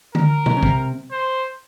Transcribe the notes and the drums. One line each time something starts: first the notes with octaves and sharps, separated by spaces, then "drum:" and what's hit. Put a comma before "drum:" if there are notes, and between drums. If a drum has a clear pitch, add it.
A#4, drum: tom D3
drum: tom A#2
C#3
C3, drum: kick
C5